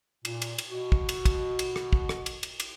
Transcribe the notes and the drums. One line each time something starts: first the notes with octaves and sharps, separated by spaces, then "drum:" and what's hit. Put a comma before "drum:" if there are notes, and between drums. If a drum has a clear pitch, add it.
A#2, drum: cymbal
drum: cymbal
drum: cymbal
B2 F#4
drum: kick
drum: cymbal
drum: kick, cymbal
drum: cymbal
drum: rim click
drum: kick
drum: rim click
drum: cymbal
drum: cymbal
drum: cymbal